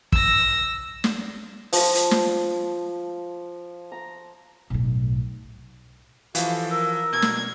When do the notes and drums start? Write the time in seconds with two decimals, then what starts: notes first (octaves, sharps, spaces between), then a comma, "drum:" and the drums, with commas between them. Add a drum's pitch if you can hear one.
0.12 E6 A#6, drum: kick
1.04 drum: snare
1.73 F3, drum: open hi-hat
1.95 drum: hi-hat
2.11 drum: snare
3.92 A#5
4.70 B1 A2
6.35 E3 F3 F#4 G4 A4 F5, drum: hi-hat
6.71 A#4 E6
7.13 B2 G#6
7.22 drum: snare